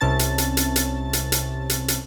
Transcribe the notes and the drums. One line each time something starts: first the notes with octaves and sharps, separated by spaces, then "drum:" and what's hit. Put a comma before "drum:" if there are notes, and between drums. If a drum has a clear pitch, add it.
C2 C3 C#4 A5 A6
drum: hi-hat
drum: hi-hat
drum: hi-hat
drum: hi-hat
drum: hi-hat
drum: hi-hat
drum: hi-hat
drum: hi-hat